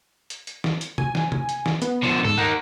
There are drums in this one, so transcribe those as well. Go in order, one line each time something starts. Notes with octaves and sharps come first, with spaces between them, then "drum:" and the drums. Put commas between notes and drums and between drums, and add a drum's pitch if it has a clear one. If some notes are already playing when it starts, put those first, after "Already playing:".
drum: hi-hat
drum: hi-hat
drum: snare E3
drum: hi-hat
G#5, drum: tom C3
drum: snare E3
drum: tom C3
drum: hi-hat
drum: snare E3
B3, drum: hi-hat
D3 F3
G#2 A4
A#3 D#4 F#5